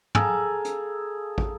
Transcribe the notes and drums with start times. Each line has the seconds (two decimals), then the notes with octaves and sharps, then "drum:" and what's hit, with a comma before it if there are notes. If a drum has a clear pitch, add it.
0.15 G#4 A4 F5 A#5, drum: tom
0.65 drum: hi-hat
1.38 drum: kick